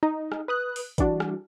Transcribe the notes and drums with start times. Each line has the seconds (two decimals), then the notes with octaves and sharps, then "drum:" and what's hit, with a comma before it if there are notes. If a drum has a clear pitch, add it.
0.03 D#4
0.32 drum: rim click
0.48 B4 D#6 F#6
0.76 drum: open hi-hat
0.98 E3 G3 D4 F#4, drum: kick, hi-hat
1.20 drum: rim click